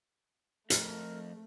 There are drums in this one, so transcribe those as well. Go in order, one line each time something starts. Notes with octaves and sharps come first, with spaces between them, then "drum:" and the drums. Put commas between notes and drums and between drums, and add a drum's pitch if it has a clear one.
F2 A3 A#4, drum: hi-hat